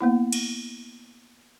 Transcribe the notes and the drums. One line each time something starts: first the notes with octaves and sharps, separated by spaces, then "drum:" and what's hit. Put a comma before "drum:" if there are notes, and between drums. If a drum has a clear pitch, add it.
A#3 B3 E4
drum: cymbal